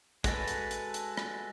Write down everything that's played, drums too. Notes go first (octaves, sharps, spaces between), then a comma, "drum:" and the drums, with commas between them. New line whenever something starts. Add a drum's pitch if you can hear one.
G#3 F#4 A4 B4, drum: kick, hi-hat
drum: hi-hat
drum: hi-hat
drum: hi-hat
drum: rim click